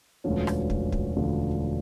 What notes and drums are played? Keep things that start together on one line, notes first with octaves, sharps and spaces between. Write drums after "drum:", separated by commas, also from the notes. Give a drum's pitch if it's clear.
E1 D2 D3 F3 C#4
drum: rim click
drum: kick
drum: kick
E1 D2 D3 F3 C#4